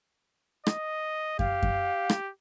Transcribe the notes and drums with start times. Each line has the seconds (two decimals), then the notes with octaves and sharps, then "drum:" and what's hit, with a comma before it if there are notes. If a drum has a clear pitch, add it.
0.67 D#5, drum: rim click
1.39 G4 F5, drum: kick F#2
1.63 drum: kick F#2
2.10 drum: rim click